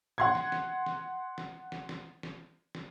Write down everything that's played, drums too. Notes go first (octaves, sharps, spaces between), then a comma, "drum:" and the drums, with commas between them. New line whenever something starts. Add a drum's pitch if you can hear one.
F#5 C6 G#6
drum: snare
drum: snare
drum: snare
drum: snare
drum: snare
drum: snare
drum: snare
drum: snare